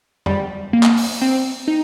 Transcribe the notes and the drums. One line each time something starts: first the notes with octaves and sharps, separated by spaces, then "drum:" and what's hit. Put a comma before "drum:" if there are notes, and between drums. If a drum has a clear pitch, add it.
G3, drum: tom F2
A#3
drum: clap
drum: open hi-hat
C4
D#4